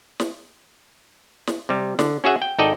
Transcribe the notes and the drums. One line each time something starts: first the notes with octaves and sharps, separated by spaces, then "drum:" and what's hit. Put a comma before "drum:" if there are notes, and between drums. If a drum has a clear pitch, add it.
drum: snare
drum: snare
C3 G3
D3, drum: snare
C#4 F#4 G#4 E5 F#5
G5
G#1 D#4 A4 D5 D#5 G5